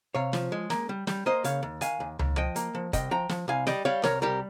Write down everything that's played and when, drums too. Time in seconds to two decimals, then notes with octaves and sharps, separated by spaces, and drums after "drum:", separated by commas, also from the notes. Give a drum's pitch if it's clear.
0.15 C3 C#5 F5
0.33 F3, drum: snare
0.52 G#3
0.70 A#3, drum: snare
0.89 G3
1.07 G3, drum: snare
1.26 A#3 C5 D#5
1.44 C#3 C#5 F5, drum: hi-hat
1.63 D#2
1.81 D#3 F5 G#5, drum: hi-hat
2.00 D#2
2.19 D#2, drum: tom C#2
2.37 F3 D#5 G5
2.56 A#3, drum: hi-hat
2.75 F3
2.93 C2 D#5 G5, drum: kick, hi-hat
3.11 F3 G5 A#5
3.29 F3, drum: snare
3.48 C2 F5 G#5
3.67 G3 D#5 G5, drum: snare
3.85 G3 C#5 F5
4.03 C2 A#4 C#5, drum: snare
4.22 G3 G4 A#4